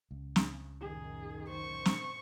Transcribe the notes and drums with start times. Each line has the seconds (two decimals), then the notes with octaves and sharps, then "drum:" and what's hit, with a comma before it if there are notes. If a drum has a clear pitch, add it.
0.11 C#2
0.36 drum: snare
0.81 F#2 A#2 D#3 G#4
1.50 C5 C#6
1.85 drum: snare